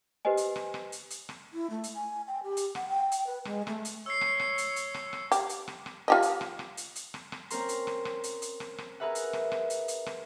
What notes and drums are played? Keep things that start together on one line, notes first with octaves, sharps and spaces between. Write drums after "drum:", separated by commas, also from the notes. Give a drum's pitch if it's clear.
G4 B4 C5 D#5 G#5
drum: hi-hat
drum: rim click
drum: rim click
drum: hi-hat
drum: hi-hat
drum: rim click
E4
A3
drum: hi-hat
G#5
G5
G4
drum: hi-hat
F#5, drum: rim click
G5
drum: hi-hat
B4
G#3, drum: rim click
A3, drum: rim click
drum: hi-hat
C#5 E6 C7
drum: rim click
drum: rim click
drum: hi-hat
drum: hi-hat
drum: rim click
drum: rim click
G4, drum: hi-hat
drum: hi-hat
drum: rim click
drum: rim click
F4 G4 D#5
drum: hi-hat
drum: rim click
drum: rim click
drum: hi-hat
drum: hi-hat
drum: rim click
drum: rim click
C4 C#4 A#4 C6, drum: hi-hat
drum: hi-hat
drum: rim click
drum: rim click
drum: hi-hat
drum: hi-hat
drum: rim click
drum: rim click
G#4 A#4 B4 E5 F#5
drum: hi-hat
drum: rim click
drum: rim click
drum: hi-hat
drum: hi-hat
drum: rim click